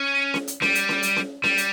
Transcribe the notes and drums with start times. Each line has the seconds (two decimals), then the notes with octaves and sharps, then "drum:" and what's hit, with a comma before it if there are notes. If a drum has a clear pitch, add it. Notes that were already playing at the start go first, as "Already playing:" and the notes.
Already playing: C#4
0.34 drum: snare C#4
0.48 drum: hi-hat
0.62 G3, drum: snare C#4
0.75 drum: hi-hat
0.89 drum: snare C#4
1.03 drum: hi-hat
1.16 drum: snare C#4
1.44 G3, drum: snare C#4
1.58 drum: hi-hat